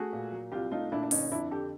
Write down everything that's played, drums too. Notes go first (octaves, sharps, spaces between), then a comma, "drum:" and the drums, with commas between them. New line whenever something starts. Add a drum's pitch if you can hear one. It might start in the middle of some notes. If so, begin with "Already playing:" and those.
Already playing: A3 F#4 G#4
A#2
F#3
C2 F4 G4
A3 D#4 F4
A#2 D4 E4
D4
G1 C#4 D#4, drum: open hi-hat
F2 D4 E4
D3 G4 A4